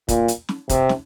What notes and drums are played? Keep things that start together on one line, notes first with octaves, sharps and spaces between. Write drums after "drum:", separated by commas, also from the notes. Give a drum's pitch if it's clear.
A#2, drum: kick, hi-hat
drum: hi-hat
drum: snare
C3, drum: kick, hi-hat
drum: snare